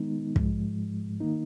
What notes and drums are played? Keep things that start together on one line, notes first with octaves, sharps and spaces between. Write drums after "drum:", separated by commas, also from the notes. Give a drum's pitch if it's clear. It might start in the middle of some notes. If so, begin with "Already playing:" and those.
Already playing: D#3 G#3 B3 D#4
G#2 F3 G#3, drum: kick
D#3 A#3 D#4